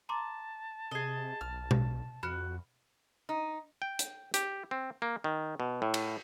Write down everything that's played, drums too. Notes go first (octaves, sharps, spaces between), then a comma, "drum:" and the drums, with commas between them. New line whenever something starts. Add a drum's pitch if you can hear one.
A5 A#5 C6 D6
C3 G#4 D#5
B1 F6
drum: tom B2
F2 F#4 B5 F6
D#4
G5
drum: hi-hat
G4, drum: hi-hat
C4
A#3
D#3
B2
A2
drum: cymbal